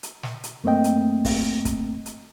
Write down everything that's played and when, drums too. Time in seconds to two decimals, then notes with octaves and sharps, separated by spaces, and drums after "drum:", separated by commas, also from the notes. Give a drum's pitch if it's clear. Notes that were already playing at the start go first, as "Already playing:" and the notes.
0.03 drum: hi-hat
0.23 drum: snare
0.44 drum: hi-hat
0.64 F#2 A3 A#3 C4 D#5 G5
0.84 drum: hi-hat
1.25 drum: kick, open hi-hat
1.65 drum: kick, hi-hat
2.06 drum: hi-hat